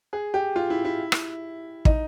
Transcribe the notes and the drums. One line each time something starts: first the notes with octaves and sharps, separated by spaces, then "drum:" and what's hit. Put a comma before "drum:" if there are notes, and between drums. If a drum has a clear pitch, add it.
G#4
G4
F4
E4
E4
drum: rim click
D#4, drum: kick